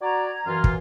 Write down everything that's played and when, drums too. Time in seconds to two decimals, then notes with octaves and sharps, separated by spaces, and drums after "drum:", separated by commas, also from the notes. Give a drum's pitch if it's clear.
0.01 F#4 D5 A#5 G#6
0.47 F#2 E3 F4
0.64 drum: kick